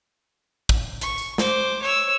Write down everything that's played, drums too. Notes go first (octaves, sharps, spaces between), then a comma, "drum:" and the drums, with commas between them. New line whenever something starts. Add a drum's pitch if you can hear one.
drum: kick
C#6, drum: hi-hat
drum: tambourine
C5 D6, drum: snare
C#5 E6